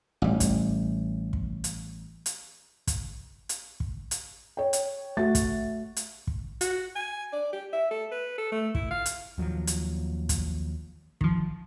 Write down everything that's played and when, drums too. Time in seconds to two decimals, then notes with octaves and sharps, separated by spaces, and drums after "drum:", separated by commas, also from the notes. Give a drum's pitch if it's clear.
0.22 A1 G3
0.40 drum: kick, hi-hat
1.33 drum: kick
1.64 drum: hi-hat
2.26 drum: hi-hat
2.87 drum: kick, hi-hat
3.49 drum: hi-hat
3.80 drum: kick
4.11 drum: hi-hat
4.57 C#5 G5
4.73 drum: hi-hat
5.17 A3 F#4 A6
5.35 drum: kick, hi-hat
5.97 drum: hi-hat
6.27 drum: kick
6.61 F#4, drum: hi-hat
6.95 G#5
7.32 D5
7.53 G4
7.73 E5
7.91 A4
8.11 B4
8.38 A4
8.52 A3
8.75 E4, drum: kick
8.90 F5
9.06 drum: hi-hat
9.38 D#2 F3 F#3
9.67 drum: hi-hat
10.29 drum: kick, hi-hat
11.21 D#3 F3, drum: kick